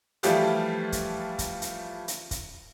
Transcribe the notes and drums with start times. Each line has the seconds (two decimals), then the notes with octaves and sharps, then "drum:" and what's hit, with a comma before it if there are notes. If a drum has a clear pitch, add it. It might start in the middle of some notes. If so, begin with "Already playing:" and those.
0.23 E3 F3 G3 A3 F4 G4, drum: hi-hat
0.92 drum: kick, hi-hat
1.39 drum: kick, hi-hat
1.62 drum: hi-hat
2.08 drum: hi-hat
2.31 drum: kick, hi-hat